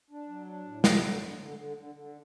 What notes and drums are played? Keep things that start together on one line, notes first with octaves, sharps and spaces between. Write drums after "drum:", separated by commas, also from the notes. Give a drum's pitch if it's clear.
D4
F#3
D4
A2
F#3, drum: snare
D3
D3
D3
D3
D3
D3